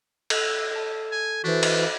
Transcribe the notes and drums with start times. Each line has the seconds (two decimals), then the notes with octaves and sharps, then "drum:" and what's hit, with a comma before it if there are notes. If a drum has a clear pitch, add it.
0.30 A4 E6 F#6, drum: cymbal
0.71 A4 A5
1.12 G#5
1.44 E3 D4 F#4 A4 C5
1.63 drum: cymbal